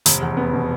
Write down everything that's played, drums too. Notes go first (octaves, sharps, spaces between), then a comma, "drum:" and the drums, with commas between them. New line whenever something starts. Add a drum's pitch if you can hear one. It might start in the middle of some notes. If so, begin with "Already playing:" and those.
F1, drum: hi-hat
E2
B3
B2